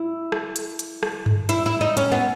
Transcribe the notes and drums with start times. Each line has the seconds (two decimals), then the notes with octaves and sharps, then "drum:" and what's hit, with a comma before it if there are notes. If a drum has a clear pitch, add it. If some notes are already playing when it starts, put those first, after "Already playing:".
Already playing: E4
0.32 drum: rim click
0.56 drum: hi-hat
0.79 drum: hi-hat
1.03 drum: rim click
1.26 drum: tom G2
1.49 E4, drum: hi-hat
1.66 E4
1.81 D#4
1.97 C#4, drum: hi-hat
2.12 B3